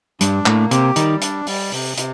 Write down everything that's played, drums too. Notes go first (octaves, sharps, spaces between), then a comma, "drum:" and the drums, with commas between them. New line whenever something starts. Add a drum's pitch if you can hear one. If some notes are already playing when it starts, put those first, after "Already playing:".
G2 G3 D4, drum: hi-hat
A2 A3 A#3, drum: clap
C3 C4 G4, drum: hi-hat
D#3 G3 D#4, drum: hi-hat
D4, drum: hi-hat
G3, drum: open hi-hat
C3, drum: open hi-hat
C3, drum: hi-hat